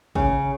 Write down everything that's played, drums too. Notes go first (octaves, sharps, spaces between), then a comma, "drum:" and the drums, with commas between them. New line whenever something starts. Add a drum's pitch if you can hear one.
C#3, drum: kick